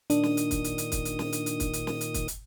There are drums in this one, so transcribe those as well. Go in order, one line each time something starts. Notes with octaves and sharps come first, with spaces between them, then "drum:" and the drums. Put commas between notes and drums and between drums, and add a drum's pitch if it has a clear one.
A#2 D#3 D4 D#6, drum: hi-hat
drum: snare
drum: hi-hat
drum: kick, hi-hat
drum: hi-hat
drum: hi-hat
drum: kick, hi-hat
drum: hi-hat
drum: snare
drum: hi-hat
drum: hi-hat
drum: kick, hi-hat
drum: hi-hat
drum: snare
drum: hi-hat
drum: kick, hi-hat
drum: hi-hat